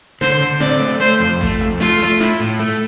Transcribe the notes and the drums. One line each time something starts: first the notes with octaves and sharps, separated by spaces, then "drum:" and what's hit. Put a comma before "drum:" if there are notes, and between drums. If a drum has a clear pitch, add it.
D3 C5, drum: snare
D3
C4 D5, drum: snare
A3
A3 C5
F2
A3, drum: kick A1
F2
A3 F4, drum: snare
A3
E4, drum: snare
A2
A3